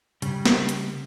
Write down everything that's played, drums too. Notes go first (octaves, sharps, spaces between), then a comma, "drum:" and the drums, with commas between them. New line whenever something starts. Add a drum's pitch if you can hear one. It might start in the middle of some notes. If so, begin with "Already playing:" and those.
C#3 G3, drum: hi-hat
drum: snare
drum: hi-hat